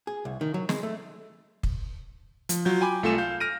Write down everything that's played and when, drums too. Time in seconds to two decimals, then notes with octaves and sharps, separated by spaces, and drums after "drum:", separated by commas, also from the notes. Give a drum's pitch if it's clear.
0.07 G#4
0.25 C2
0.41 D#3
0.54 F#3
0.69 G#3, drum: snare
0.83 A3
1.63 drum: kick
2.49 F3, drum: hi-hat
2.65 F#3 F4 G6
2.81 G5 G#5 B5 D6
3.03 C2 A3 F4 A4 G#5 E7
3.18 F5 G6
3.40 F6 A#6 D7 D#7